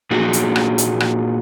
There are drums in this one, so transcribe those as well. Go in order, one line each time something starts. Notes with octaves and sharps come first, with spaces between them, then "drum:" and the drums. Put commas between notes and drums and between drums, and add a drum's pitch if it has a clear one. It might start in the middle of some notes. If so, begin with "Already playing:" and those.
A#2 A#3 D#4 F#4 G#4
drum: hi-hat
drum: rim click
drum: hi-hat
drum: rim click